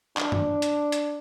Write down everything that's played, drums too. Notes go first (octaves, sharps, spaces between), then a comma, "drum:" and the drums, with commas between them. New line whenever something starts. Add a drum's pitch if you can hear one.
D4, drum: clap
drum: tom F#2
drum: hi-hat
drum: hi-hat